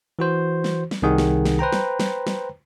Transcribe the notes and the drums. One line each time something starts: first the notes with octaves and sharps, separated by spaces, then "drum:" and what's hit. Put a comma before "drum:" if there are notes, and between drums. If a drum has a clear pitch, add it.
E3 F#4 C5
drum: snare
drum: snare
C2 C3 D#3 G#4 F#5
drum: snare
drum: snare
B4 C5 G5 A#5
drum: snare
drum: snare
drum: snare